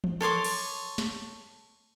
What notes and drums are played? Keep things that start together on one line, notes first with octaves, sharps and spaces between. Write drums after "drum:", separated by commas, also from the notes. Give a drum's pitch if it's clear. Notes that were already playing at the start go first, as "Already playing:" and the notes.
drum: tom E3
A4 C#5 C6 D6
drum: cymbal
drum: snare